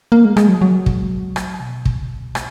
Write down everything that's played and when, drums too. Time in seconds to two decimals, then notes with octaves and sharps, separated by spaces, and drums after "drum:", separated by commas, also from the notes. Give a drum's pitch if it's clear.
0.12 A#3
0.25 G#3
0.37 G#3, drum: rim click
0.48 F#3
0.61 F#3
0.86 drum: kick
1.36 drum: rim click
1.60 B2
1.85 drum: kick
2.35 drum: rim click